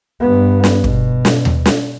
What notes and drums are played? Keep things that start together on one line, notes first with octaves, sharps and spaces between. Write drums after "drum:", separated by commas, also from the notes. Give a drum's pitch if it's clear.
G2 B3
drum: snare
B2, drum: kick
drum: snare
drum: tom D#2
drum: snare